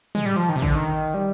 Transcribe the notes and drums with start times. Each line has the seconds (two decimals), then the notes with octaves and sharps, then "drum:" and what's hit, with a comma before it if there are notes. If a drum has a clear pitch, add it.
0.15 G#3, drum: tom
0.25 G3
0.36 F3
0.49 D#3
0.56 C3
0.62 D3, drum: kick
0.75 D#3
1.14 G3